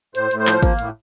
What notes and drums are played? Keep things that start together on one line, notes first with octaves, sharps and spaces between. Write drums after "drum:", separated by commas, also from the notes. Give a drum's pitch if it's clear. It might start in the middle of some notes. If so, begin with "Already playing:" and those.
A2 C5, drum: hi-hat
A2, drum: hi-hat
C5
F3, drum: clap
A#3, drum: kick G#1, hi-hat
A2, drum: hi-hat